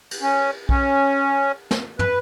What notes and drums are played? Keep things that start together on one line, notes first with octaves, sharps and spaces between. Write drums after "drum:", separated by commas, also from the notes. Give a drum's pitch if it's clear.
drum: cymbal
C#4
C#4, drum: kick
drum: snare
B4, drum: tom